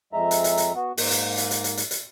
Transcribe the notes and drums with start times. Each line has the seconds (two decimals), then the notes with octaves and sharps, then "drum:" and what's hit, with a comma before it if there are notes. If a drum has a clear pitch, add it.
0.13 F2 G#3 E5 A#5
0.31 drum: hi-hat
0.44 drum: hi-hat
0.57 drum: hi-hat
0.75 B3 F#4
0.97 G#2 A#3, drum: open hi-hat
1.11 drum: hi-hat
1.37 drum: hi-hat
1.51 drum: hi-hat
1.64 drum: hi-hat
1.77 drum: hi-hat
1.91 drum: hi-hat